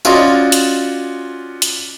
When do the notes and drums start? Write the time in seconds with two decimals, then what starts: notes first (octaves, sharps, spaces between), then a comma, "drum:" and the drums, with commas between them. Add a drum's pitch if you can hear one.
0.05 C#4 F4 F#4 D5 D#5 C6, drum: tambourine
0.52 drum: hi-hat
1.62 drum: hi-hat